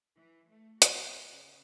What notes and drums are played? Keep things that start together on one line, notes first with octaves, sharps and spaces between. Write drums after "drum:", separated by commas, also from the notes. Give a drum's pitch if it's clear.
E3
A3
F#4, drum: hi-hat
C#3